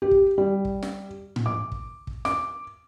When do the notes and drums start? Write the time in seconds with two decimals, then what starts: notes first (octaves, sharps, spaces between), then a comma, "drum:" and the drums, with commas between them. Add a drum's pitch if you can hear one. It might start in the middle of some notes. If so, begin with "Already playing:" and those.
0.02 G4
0.11 drum: kick
0.38 G3
0.65 drum: kick
0.83 drum: snare
1.36 drum: tom A2
1.46 D6
1.72 drum: kick
2.07 drum: kick
2.25 D6, drum: snare